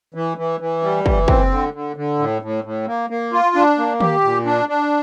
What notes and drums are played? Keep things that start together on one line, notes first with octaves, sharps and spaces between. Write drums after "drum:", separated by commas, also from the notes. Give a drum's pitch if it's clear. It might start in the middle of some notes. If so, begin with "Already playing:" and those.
E3
E3
E3
G3
E3, drum: kick
C4, drum: kick
D3
D3
D3
A2
A2
A2
A#3
A#3
F4
D4
A#3
G4, drum: tom D#3
A#2
D4
D4